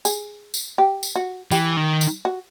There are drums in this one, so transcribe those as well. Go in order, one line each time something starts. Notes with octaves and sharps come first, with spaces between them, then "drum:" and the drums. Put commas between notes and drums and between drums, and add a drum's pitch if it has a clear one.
G#4, drum: tambourine
drum: tambourine
G4
drum: tambourine
F#4
E3 G4, drum: tambourine
D#3
drum: tambourine
F#4